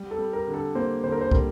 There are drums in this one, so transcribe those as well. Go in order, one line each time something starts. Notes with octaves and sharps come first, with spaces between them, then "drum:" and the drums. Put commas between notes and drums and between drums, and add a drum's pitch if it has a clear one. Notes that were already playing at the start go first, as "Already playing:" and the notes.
Already playing: G3
A4
G3
A#4
D3
A4
A#3 C5
D3 C5
A#4
C5
G3 A#4, drum: kick